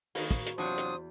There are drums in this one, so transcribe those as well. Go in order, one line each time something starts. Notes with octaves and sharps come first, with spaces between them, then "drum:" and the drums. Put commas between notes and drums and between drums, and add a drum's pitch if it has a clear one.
D#3 A#3 F#4 G#4 B4, drum: open hi-hat
drum: kick
drum: hi-hat
E2 C3 F#3 D4 F4 C5 D#6
drum: hi-hat